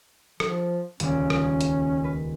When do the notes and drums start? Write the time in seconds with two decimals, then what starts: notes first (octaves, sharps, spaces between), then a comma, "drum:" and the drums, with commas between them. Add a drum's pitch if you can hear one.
0.40 F3, drum: rim click
1.00 D#1 C#2 C#4 D5, drum: hi-hat
1.30 drum: rim click
1.61 drum: hi-hat
2.04 B4